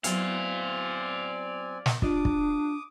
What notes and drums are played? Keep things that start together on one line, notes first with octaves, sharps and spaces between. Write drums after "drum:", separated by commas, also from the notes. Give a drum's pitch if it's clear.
F#3 B3 C4 E4 D5 F5 G#5, drum: hi-hat
drum: snare
D4 F4 G4 D5 D6 D#6, drum: kick
drum: kick